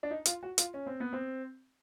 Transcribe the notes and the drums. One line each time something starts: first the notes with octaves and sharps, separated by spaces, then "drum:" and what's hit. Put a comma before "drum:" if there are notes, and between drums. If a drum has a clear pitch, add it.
D4
D#4
F4, drum: hi-hat
F#4
F4, drum: hi-hat
C#4
C4
B3
C4